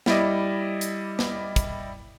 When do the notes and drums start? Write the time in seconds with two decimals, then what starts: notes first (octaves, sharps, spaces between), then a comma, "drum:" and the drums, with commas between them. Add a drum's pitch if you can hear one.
0.06 G3 E4 D5 D#5, drum: snare
0.81 drum: hi-hat
1.19 drum: snare
1.56 drum: kick, hi-hat